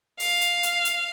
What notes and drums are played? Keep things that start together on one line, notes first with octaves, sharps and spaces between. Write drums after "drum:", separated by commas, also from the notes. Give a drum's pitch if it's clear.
F5, drum: open hi-hat
drum: hi-hat
drum: hi-hat
drum: hi-hat